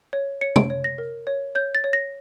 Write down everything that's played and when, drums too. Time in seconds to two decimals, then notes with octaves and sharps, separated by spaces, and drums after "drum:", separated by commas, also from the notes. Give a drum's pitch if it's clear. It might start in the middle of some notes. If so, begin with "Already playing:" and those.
0.13 C#5
0.41 C#5 C#7
0.56 D7, drum: tom
0.70 C#5
0.84 A#6
0.98 A#4
1.27 C#5
1.55 C#5 G6
1.75 A6
1.84 C#5
1.93 A#6